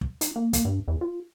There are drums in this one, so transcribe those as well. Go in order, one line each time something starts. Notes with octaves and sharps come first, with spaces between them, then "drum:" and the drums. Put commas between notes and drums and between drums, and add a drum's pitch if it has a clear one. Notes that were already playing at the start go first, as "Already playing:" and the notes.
drum: kick
D#4, drum: hi-hat
A#3
A#3, drum: kick, hi-hat
G2
E2
F4